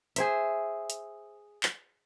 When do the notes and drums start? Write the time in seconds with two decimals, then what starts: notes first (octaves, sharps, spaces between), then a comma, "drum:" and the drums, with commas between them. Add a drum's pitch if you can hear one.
0.16 G#4 C5 E5, drum: hi-hat
0.90 drum: hi-hat
1.63 drum: clap